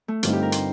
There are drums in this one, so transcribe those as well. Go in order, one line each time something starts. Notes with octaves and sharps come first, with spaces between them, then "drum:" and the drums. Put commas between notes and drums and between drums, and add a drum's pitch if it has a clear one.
A3
G2 D3 G3 C4 D#4 F4, drum: hi-hat
G4
A#4
C5, drum: hi-hat